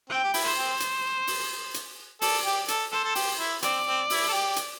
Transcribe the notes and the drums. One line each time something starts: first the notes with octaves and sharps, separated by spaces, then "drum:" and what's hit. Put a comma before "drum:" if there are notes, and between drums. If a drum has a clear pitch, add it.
C4 G5
G4
E4, drum: open hi-hat
C5
C4
drum: hi-hat
drum: open hi-hat
drum: hi-hat
A4 D5, drum: open hi-hat
G4
A4, drum: hi-hat
A4 C5
A4
G4, drum: open hi-hat
E4
C4 D5, drum: hi-hat
C4
E4, drum: open hi-hat
A4
G4
drum: hi-hat